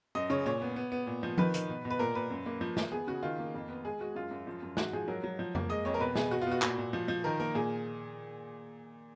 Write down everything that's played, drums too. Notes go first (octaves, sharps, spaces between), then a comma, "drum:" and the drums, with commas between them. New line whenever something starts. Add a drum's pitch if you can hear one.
F#2 D#5
C#3 C#5
A#2 C#5
B3
B3
B3
A#2
F3
D#3 B4, drum: tom F3
D#3, drum: hi-hat
B2
B2
B4
A#2 A#4
A#2 B4
F#2
A#3
F3
F3, drum: snare
B3 G#4
C#3 F#4
D#3 F4
A#3
F2
B3
G#3 G#4
G#3 F#4
F#2 F4
F#2
F3
F#2
G#2 F#4, drum: snare
F3 G#4
F#3 A#4
F#3
F3
A#3, drum: tom F2
G#3 D#5
F2 C#5
A#4
B2 B4
B2 G#4, drum: snare
B2 F#4
F4
B3 F#4
A#2 F#4, drum: clap
A#2
F3
F3
D#3 A#4
A#3 A#4
A#2 G#4